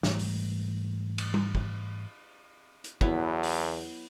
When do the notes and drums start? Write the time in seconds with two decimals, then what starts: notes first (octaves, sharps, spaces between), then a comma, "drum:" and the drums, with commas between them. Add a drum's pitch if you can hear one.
0.03 G#2 E3 G3 A3, drum: snare
0.19 drum: open hi-hat
1.18 drum: cymbal
1.34 drum: tom G3
1.55 drum: kick
2.84 drum: hi-hat
3.01 E2 F#3 B3 E4, drum: kick
3.43 drum: open hi-hat